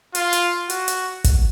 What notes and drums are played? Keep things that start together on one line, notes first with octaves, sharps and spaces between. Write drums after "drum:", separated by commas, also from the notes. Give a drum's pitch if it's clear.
F4, drum: hi-hat
drum: hi-hat
F#4, drum: hi-hat
drum: hi-hat
drum: kick, hi-hat